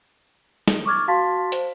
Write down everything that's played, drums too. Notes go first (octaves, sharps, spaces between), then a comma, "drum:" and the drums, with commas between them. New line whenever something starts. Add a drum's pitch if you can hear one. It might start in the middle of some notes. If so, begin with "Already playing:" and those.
drum: snare
C#6 D6 F6 G#6 A6
F#4 F5 A5 C6 A6 B6
C5, drum: hi-hat